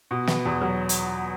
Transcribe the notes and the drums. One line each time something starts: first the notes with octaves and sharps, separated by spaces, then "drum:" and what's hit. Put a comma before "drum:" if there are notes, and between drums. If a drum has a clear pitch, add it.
B2
B3, drum: snare
E2
F#3
drum: hi-hat